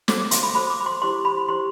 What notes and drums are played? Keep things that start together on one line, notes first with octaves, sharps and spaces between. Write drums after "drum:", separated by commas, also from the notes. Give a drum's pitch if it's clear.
F#4 A4 C5 D6, drum: snare
D6
C6, drum: hi-hat
B5
F#4 A4 C5 B5
D6
B5
C6
E4 G4 C5 C6
B5
E4 G4 C5 C6